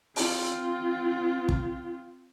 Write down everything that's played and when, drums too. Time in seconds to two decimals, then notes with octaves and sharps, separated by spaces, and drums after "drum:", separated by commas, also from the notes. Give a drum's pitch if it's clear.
0.16 C4 F4, drum: open hi-hat
1.49 drum: kick